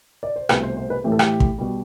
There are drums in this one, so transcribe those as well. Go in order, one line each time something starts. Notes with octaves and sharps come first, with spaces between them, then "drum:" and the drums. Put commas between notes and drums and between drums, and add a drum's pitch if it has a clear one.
D5
C5
C2 B2 A3 B4, drum: rim click
C5
C5
B4
A2 E3 A3 G4
A4
G4, drum: rim click
drum: kick
B2 G3